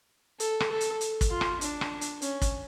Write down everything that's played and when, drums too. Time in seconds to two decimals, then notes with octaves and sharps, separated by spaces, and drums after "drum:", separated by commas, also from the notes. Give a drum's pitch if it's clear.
0.40 A4, drum: hi-hat
0.60 drum: rim click
0.71 A4
0.81 drum: hi-hat
1.01 drum: hi-hat
1.21 drum: kick, hi-hat
1.30 F4
1.41 drum: rim click
1.61 D4, drum: hi-hat
1.81 drum: rim click
2.01 drum: hi-hat
2.22 C#4, drum: hi-hat
2.42 drum: kick, hi-hat